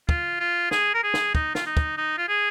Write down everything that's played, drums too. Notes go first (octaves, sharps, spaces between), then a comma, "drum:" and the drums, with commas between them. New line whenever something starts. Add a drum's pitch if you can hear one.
F4, drum: kick
F4
G#4, drum: snare
A#4
G#4
drum: snare
D#4, drum: kick
F4, drum: snare
D#4
drum: kick
D#4
F4
G#4